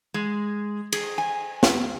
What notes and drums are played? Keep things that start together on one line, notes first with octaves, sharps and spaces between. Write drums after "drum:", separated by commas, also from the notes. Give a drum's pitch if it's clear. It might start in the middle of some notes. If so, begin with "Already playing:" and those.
G#3
G#4, drum: cymbal
G#5
drum: snare